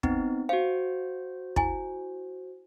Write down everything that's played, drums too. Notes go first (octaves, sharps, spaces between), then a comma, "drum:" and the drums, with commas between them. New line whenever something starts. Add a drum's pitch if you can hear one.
B3 C4 D#4, drum: kick
F#4 C5 F5
E4 G#5, drum: kick